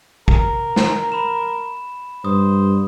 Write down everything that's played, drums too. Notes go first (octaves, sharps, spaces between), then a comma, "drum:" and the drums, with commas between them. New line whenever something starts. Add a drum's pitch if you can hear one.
A#4, drum: kick
drum: snare
B5 E7
G2 C5 D#6